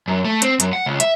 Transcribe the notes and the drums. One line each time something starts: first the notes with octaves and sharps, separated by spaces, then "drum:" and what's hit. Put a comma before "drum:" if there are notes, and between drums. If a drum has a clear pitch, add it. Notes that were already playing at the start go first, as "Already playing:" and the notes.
F#2
A3
C4, drum: hi-hat
F#2, drum: hi-hat
F#5
C#2
E5, drum: hi-hat